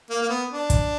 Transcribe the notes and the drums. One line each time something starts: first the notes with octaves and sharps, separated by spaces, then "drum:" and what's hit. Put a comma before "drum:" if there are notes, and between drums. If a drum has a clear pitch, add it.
A#3
A#3
B3
D4
drum: kick, hi-hat